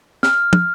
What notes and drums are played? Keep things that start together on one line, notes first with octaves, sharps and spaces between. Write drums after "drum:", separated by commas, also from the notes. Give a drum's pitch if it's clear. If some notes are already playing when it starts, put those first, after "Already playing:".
F6, drum: snare
drum: tom